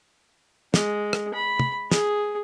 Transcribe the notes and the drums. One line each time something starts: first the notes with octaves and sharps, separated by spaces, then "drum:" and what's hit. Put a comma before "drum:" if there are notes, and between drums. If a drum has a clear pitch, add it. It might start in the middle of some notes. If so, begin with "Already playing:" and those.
G#3, drum: snare
drum: rim click
B5
drum: tom
G#4, drum: snare